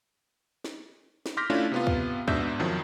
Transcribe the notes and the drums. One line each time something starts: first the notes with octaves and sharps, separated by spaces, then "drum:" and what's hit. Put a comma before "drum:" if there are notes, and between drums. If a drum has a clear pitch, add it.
drum: snare
drum: snare
C6 D6 F6 G6 A#6 B6
A3 C#4 D4 E4 F4
C3 B3 F4
drum: kick
G#2 B2 D4 E5 G6, drum: kick
F2 D#3 F3 F#3